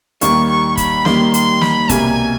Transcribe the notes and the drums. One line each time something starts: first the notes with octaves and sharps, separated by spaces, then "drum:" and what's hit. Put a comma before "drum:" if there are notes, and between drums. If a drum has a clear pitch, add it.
D#2 D#3 G3 A#3 C#6, drum: hi-hat
C#6
B5, drum: kick, hi-hat
D#2 D#3 G3 A#3 C6, drum: snare
C6, drum: hi-hat
B5, drum: snare
C2 B2 G3 A#3 G#5, drum: kick, hi-hat